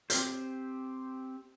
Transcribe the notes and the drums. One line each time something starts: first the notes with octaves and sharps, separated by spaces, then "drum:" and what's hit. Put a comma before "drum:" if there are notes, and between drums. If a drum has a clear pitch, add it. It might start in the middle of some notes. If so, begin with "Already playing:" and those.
C4 G4 C5, drum: hi-hat